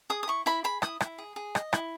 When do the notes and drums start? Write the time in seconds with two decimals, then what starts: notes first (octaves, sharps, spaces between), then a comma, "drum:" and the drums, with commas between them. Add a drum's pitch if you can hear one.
0.10 G#4 D#6
0.23 D#6
0.28 E4 C#6
0.46 E4 B5
0.64 G#4 B5
0.82 E4 D#6, drum: rim click
1.00 E4, drum: rim click
1.18 G#4
1.36 G#4
1.55 D#5, drum: rim click
1.73 E4, drum: rim click